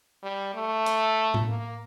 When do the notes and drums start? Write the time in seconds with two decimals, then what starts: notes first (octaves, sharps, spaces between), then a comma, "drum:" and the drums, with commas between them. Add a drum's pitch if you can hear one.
0.23 G3
0.54 A3
0.86 drum: hi-hat
1.34 drum: tom A2
1.48 A#3